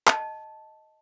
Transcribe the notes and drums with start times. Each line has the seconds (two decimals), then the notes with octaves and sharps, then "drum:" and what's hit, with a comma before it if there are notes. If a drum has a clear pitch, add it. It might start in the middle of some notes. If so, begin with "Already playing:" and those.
0.07 D#5 A5, drum: clap